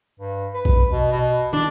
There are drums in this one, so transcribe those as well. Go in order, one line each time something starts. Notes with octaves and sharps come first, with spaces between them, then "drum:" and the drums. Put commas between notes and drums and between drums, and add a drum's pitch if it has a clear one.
G2
B4
drum: kick A#1
B2
B2
D4, drum: tom